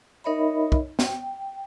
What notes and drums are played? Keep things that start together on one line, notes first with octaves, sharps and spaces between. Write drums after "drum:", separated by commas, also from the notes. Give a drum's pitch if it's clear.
D#4 A#4 C#5 D#5 E5 B5
drum: kick
G5, drum: snare